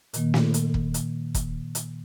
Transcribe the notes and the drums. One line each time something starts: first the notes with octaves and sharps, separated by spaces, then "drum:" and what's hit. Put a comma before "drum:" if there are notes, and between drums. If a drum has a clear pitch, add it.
A#2 D#3 A#3, drum: hi-hat
drum: snare
drum: hi-hat
drum: kick
drum: hi-hat
drum: kick, hi-hat
drum: hi-hat